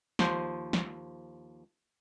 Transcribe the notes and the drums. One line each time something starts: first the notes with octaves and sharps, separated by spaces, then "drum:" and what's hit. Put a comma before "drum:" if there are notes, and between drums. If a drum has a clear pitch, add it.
D#2 F3 C5, drum: snare
drum: snare